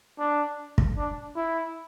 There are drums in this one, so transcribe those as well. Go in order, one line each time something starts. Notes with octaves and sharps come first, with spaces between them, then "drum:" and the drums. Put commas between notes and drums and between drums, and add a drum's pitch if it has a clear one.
D4
drum: kick
D4
E4